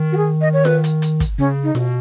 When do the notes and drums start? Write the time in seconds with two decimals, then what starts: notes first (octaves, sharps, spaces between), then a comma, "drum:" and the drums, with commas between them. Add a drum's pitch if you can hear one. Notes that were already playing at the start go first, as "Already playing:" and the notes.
Already playing: D#3
0.12 F#4
0.17 G#4
0.41 D#5
0.53 C#5
0.65 B4, drum: snare F4
0.84 drum: hi-hat
1.02 drum: hi-hat
1.20 drum: kick, hi-hat
1.39 C#3 C#4
1.63 D#4
1.75 B2, drum: snare F4